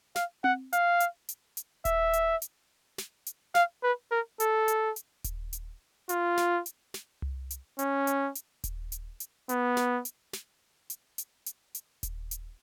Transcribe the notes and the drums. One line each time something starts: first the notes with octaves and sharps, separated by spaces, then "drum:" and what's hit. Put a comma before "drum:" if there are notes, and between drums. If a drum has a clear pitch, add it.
F5, drum: snare
F#5, drum: tom C4
F5, drum: hi-hat
drum: hi-hat
drum: hi-hat
drum: hi-hat
E5, drum: kick D#1, hi-hat
drum: hi-hat
drum: hi-hat
drum: snare
drum: hi-hat
F5, drum: snare
B4
A#4
A4, drum: hi-hat
drum: hi-hat
drum: hi-hat
drum: kick D#1, hi-hat
drum: hi-hat
F4, drum: hi-hat
drum: snare
drum: hi-hat
drum: snare
drum: tom C2
drum: hi-hat
C#4, drum: hi-hat
drum: hi-hat
drum: hi-hat
drum: kick D#1, hi-hat
drum: hi-hat
drum: hi-hat
B3, drum: hi-hat
drum: snare
drum: hi-hat
drum: snare
drum: hi-hat
drum: hi-hat
drum: hi-hat
drum: hi-hat
drum: kick D#1, hi-hat
drum: hi-hat